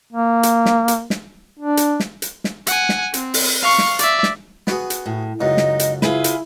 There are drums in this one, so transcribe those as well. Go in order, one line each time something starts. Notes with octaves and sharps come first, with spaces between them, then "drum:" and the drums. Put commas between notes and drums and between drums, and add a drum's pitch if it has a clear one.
A#3
drum: hi-hat
drum: snare
drum: hi-hat
drum: snare
D4
drum: hi-hat
drum: snare
drum: hi-hat
drum: snare
F#5 G#5, drum: hi-hat
drum: snare
C4, drum: hi-hat
drum: open hi-hat
F5 C#6
drum: snare
D5 E5, drum: hi-hat
drum: snare
B3 F#4 G#4, drum: snare
drum: hi-hat
A2
C#2 F#2 D#4 D#5
drum: snare
drum: hi-hat
E4 F4 G#4 B4, drum: snare
drum: hi-hat